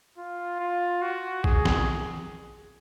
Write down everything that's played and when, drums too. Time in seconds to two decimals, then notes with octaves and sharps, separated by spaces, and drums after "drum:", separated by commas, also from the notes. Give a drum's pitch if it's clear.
0.18 F4
0.60 F4
1.02 F#4
1.44 G#4, drum: kick
1.65 drum: snare